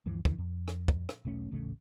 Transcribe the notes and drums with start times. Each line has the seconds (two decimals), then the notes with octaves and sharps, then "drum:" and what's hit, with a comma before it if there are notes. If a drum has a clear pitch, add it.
0.06 D2 G2 E3 F3
0.25 F2 D3 E3, drum: kick
0.38 F2
0.68 drum: rim click
0.88 drum: kick
1.09 drum: rim click
1.25 E1 B1 A3 C#4
1.51 D#1 A1 C#3 A3